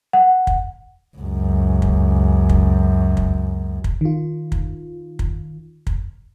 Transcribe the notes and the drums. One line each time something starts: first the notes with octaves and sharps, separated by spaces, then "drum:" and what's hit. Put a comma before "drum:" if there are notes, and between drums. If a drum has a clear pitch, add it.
F#5
drum: kick
C#2 F#2
drum: kick
drum: kick
drum: kick
drum: kick
D#3 F4
drum: kick
drum: kick
drum: kick